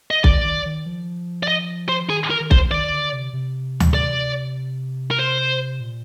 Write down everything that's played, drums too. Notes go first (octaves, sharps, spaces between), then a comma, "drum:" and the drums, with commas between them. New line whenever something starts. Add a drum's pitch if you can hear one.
D#5
D#3 D5, drum: kick B1
D#3
D#3
F3
D5
D#5
C5
D#3 G#4
A#4
D#3
C5, drum: kick B1
D#3 D5
D3
C3
C3
drum: tom D2
D5
A#4
C5
A#2